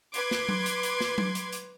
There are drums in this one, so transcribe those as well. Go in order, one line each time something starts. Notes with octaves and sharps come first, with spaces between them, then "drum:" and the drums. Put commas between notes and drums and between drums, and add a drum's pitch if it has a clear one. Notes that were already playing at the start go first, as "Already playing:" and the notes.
B4 C6 D6 G#6, drum: hi-hat
drum: snare
drum: tom F#3
drum: hi-hat
drum: hi-hat
drum: snare
drum: tom F#3
drum: hi-hat
drum: hi-hat